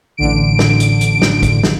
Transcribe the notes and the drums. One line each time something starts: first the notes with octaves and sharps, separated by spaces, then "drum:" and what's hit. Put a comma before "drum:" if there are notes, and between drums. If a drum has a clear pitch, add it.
A1 D3 D7
drum: snare
drum: hi-hat
drum: hi-hat
drum: snare
drum: kick, hi-hat
drum: snare